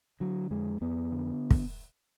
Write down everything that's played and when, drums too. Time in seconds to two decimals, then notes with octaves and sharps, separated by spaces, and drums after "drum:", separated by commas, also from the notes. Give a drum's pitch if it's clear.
0.20 D3 F#3
0.51 F2 G#3
0.81 F2 B3
1.12 D3
1.51 drum: kick